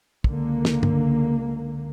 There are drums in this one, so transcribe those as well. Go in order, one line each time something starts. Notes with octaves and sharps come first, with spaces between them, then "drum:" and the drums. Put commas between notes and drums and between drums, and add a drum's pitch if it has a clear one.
C#2 D3 A#3, drum: kick
drum: snare
drum: tom G2